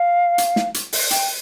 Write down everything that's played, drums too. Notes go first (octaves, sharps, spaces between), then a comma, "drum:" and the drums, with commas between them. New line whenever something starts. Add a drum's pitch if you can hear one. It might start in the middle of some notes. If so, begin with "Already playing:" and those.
Already playing: F5
drum: hi-hat
drum: snare
drum: hi-hat
drum: open hi-hat
G5, drum: hi-hat